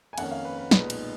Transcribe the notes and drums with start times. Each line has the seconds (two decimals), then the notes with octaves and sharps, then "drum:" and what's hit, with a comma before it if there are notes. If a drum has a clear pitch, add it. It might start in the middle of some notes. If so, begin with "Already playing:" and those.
0.13 G#5
0.18 F2 D#3 A#3 C#4 F#5, drum: cymbal
0.31 F5
0.45 B4
0.58 B4
0.71 B1 A#2 G#3 B3 D#4 B4, drum: snare
0.90 drum: cymbal